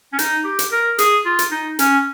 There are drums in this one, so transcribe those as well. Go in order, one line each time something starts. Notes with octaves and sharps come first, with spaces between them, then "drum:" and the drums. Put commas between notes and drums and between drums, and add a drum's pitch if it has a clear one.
C#4
D#4, drum: hi-hat
G4
drum: hi-hat
A#4
G#4, drum: hi-hat
F4
drum: hi-hat
D#4
C#4, drum: hi-hat